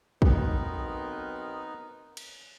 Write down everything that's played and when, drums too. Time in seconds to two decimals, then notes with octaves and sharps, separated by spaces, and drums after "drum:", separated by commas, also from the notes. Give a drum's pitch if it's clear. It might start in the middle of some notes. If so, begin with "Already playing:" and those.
0.22 B1 B3 C4 D#4 A#4, drum: kick
2.17 drum: cymbal